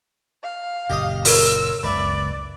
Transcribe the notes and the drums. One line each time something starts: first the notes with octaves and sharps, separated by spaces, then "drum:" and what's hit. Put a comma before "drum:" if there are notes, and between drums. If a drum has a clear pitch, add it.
F5
F#1 A#2 G4 D#5 D#6
F4 A#4 C#5 E6, drum: open hi-hat
F#1 C#2 B4 D5 E5